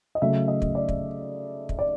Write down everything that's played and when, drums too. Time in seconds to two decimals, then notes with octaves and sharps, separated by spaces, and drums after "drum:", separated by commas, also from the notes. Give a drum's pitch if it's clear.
0.15 D#5
0.22 C#3 F#3 A3 E5
0.48 D#5
0.62 drum: kick
0.75 D5
0.89 drum: kick
1.69 drum: kick
1.79 D5